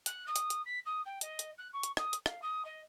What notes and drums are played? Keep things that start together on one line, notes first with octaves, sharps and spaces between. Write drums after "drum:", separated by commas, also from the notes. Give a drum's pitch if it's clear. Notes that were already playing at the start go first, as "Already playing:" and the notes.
F#6, drum: hi-hat
D#6
drum: hi-hat
drum: hi-hat
B6
D#6
G5
D#5, drum: hi-hat
drum: hi-hat
F#6
C#6
drum: hi-hat
D#6, drum: rim click
drum: hi-hat
F5, drum: rim click
D#6
D#5